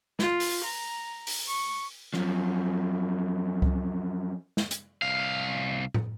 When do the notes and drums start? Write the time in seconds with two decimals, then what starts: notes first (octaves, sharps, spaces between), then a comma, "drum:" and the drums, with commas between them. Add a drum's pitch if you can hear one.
0.19 F4, drum: snare
0.40 drum: open hi-hat
0.65 A#5
1.27 drum: open hi-hat
1.48 C#6
2.14 F#2 F3, drum: rim click
3.62 drum: kick C#2
4.57 drum: snare
4.71 drum: hi-hat
5.02 C2 F5
5.94 drum: tom A2